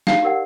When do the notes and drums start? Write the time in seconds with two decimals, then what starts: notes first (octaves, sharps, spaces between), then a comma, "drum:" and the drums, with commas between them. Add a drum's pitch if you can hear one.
0.07 D#4 F5, drum: snare
0.23 G4 A#4 D5 F#5